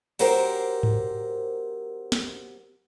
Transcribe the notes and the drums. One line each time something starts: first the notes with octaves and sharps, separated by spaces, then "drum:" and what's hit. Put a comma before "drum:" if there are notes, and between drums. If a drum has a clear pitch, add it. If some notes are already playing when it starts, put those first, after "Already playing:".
F#3 C4 G4 A#4 C5, drum: cymbal
drum: tom G#2
drum: snare